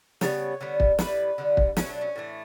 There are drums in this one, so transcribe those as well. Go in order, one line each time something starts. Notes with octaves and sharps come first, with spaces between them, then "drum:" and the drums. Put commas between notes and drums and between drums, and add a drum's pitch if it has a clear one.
C#3 G3 B3 C#5, drum: snare
D3 G3 B3
drum: kick
A2 G3 B3 B4, drum: snare
D3 G3 B3
drum: kick
B2 F#3 A3 C#4, drum: snare
D4
C#4
A2 E3 A3